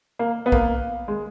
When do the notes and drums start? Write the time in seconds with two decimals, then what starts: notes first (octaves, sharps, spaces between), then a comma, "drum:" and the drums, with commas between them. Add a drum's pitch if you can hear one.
0.19 A#3
0.46 B3
0.52 A#3, drum: kick B1
1.08 G#3